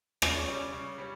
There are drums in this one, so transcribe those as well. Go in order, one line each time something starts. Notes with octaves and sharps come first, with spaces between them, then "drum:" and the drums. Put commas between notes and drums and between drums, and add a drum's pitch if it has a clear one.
C#3 D5, drum: rim click
C#5
G3 C#4 D5
C#3
G3 C#4